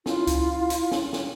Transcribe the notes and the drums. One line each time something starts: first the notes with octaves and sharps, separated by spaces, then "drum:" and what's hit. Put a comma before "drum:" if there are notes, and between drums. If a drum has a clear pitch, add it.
E4 F4, drum: snare
drum: kick C#2, hi-hat
drum: hi-hat
drum: snare
drum: snare